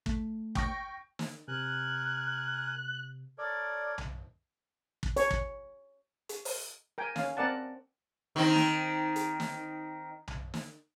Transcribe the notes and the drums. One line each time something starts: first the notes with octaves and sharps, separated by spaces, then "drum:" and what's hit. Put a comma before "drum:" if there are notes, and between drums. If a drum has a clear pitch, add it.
A3, drum: kick
G5 C#6 A#6, drum: kick
drum: snare
C3 A#4 G#5 F#6
A4 A#4 C#5 D5
drum: tom B1
drum: kick
C#5, drum: hi-hat
drum: kick
drum: hi-hat
drum: open hi-hat
A#4 G5 G#5
C#4 F5, drum: snare
C4 A#4 D5 F#5 A5
D#3 C4 D#4
drum: snare
drum: hi-hat
drum: snare
drum: tom B1
drum: snare